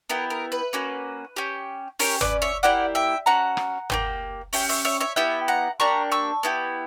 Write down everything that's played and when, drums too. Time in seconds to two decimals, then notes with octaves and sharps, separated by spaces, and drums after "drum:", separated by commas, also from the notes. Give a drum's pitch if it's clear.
0.10 B3 E4 G4 A#4
0.30 A#4
0.52 B4
0.73 A#3 C#4 F#4
1.36 C#4 G4
1.99 C#4 G4 A#4 C#5, drum: open hi-hat
2.21 B4 D5, drum: tom
2.42 C#5 E5
2.63 A#3 E4 G4 D5 F#5
2.95 E5 G5
3.26 C#4 F#4 F#5 A#5
3.57 drum: rim click
3.90 A#3 C#4 G4, drum: tom
4.53 C#4 G4 E5 G5, drum: open hi-hat
4.69 C#5 E5, drum: open hi-hat
4.85 C#5 E5
5.00 C#5 E5
5.16 B3 E4 G4 E5 G5
5.48 F#5 A#5
5.80 A#3 D4 G4 A#5 C#6
6.12 C#6 E6
6.43 B3 E4 G4